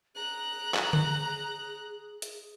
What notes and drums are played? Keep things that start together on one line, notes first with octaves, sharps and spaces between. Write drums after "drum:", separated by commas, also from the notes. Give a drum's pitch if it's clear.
G#4 A#5 F#6
drum: clap
drum: tom D3
drum: hi-hat